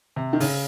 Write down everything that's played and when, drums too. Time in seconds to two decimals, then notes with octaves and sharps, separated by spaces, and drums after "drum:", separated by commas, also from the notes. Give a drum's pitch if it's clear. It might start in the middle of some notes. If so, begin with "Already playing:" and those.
0.16 C3
0.33 D#3
0.40 C#3, drum: open hi-hat